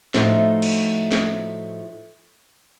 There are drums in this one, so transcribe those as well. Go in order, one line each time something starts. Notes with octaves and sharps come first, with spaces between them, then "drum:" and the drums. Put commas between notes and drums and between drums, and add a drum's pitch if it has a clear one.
A2 F3 A3 D#4 F#4, drum: snare
drum: cymbal
drum: snare